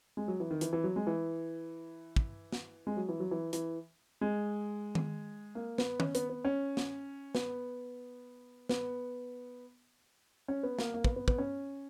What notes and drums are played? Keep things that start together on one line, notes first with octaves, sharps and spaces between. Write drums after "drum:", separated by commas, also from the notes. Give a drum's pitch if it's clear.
G#3
F#3
E3
D#3
E3, drum: hi-hat
E3
F#3
G#3
E3
drum: kick
drum: snare
G#3
F#3
E3
F#3
E3
E3, drum: hi-hat
G#3
drum: tom D#3
A#3
B3, drum: snare
C#4, drum: tom
B3, drum: hi-hat
B3
C#4
drum: snare
B3, drum: snare
B3, drum: snare
C#4
B3
A#3, drum: snare
A#3
B3, drum: kick
B3
B3, drum: kick
C#4